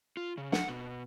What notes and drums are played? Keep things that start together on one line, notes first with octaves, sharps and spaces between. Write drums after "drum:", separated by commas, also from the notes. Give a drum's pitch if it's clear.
F4
C#3
F#5, drum: snare
B2